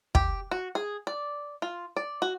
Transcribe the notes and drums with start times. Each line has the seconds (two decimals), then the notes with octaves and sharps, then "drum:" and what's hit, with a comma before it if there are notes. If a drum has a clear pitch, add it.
0.15 G4, drum: kick
0.51 F#4
0.75 G#4
1.07 D5
1.62 F4
1.97 D5
2.22 F#4